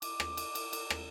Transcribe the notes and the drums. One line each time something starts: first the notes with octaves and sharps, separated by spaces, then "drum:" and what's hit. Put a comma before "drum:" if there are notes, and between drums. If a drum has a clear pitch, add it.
D6, drum: cymbal
drum: rim click
drum: cymbal
drum: cymbal
drum: cymbal
drum: rim click